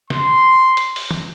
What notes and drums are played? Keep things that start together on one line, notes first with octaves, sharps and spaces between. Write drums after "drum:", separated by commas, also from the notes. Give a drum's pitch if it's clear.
C6, drum: snare
drum: hi-hat
drum: open hi-hat
drum: tom